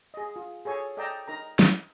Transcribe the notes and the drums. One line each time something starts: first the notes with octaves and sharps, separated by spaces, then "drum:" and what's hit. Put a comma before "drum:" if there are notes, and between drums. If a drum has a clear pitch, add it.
G#4 D#5
F4
G#4 A4 C#5 G#5
A4 D5 D#5 G5 A5 A#5
D#4 A#4 A#5
drum: snare